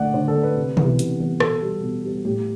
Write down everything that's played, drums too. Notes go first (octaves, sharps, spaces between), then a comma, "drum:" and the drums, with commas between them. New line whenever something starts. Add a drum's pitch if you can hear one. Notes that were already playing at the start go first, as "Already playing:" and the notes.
Already playing: D3 A3 D5 F#5
D3 C5
A4
A3
B4
C3
E3 B3, drum: tom
C3, drum: hi-hat
E3 B3
B2 A4, drum: rim click
G3 B3
B2
G3 B3
A2 G4